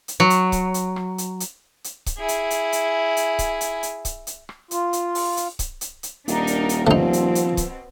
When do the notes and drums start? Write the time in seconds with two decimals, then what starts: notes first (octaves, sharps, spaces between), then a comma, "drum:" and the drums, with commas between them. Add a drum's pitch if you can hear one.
0.08 drum: hi-hat
0.20 F#3
0.30 drum: hi-hat
0.52 drum: kick C#1, hi-hat
0.74 drum: hi-hat
0.96 drum: rim click
1.18 drum: hi-hat
1.40 drum: hi-hat
1.84 drum: hi-hat
2.06 drum: kick C#1, hi-hat
2.18 E4 G#4
2.28 drum: hi-hat
2.50 drum: hi-hat
2.73 drum: hi-hat
3.17 drum: hi-hat
3.39 drum: kick C#1, hi-hat
3.61 drum: hi-hat
3.83 drum: hi-hat
4.05 drum: kick C#1, hi-hat
4.27 drum: hi-hat
4.49 drum: rim click
4.71 F4, drum: hi-hat
4.93 drum: hi-hat
5.15 drum: open hi-hat
5.37 drum: hi-hat
5.59 drum: kick C#1, hi-hat
5.81 drum: hi-hat
6.03 drum: hi-hat
6.28 D#1 D4 D#4 A#4, drum: hi-hat
6.47 drum: hi-hat
6.69 drum: hi-hat
6.87 B2 F3 A3 C4 D#4
7.13 drum: hi-hat
7.35 drum: hi-hat
7.57 drum: kick C#1, hi-hat